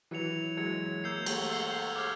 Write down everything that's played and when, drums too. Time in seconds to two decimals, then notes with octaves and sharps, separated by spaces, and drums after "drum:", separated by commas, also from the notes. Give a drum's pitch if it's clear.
0.11 E3 F#3 G#6 C#7 F7
0.57 F#3 G#3 G#6 C#7 F7
1.04 G#3 A#3 E6 G6 C7
1.26 G3 A3, drum: cymbal
1.50 E6 G6 C7
1.96 D6 F6 G#6